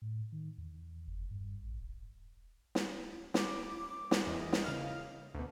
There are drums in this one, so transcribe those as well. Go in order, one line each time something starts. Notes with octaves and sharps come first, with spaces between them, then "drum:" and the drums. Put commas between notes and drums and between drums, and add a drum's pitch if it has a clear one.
A2
D#3
E2
F#1
G2
A1
D#1
drum: snare
F#2 E4 D6, drum: snare
drum: snare
E2 E4 A#4 D#5
drum: snare
C#3 F5 F6
D2 B2